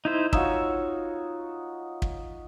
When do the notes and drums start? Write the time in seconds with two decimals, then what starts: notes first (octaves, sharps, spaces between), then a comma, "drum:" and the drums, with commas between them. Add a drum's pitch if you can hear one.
0.05 D#4 E4 C5
0.33 D#4 F4 F#4 C#5 E6, drum: kick
2.02 drum: kick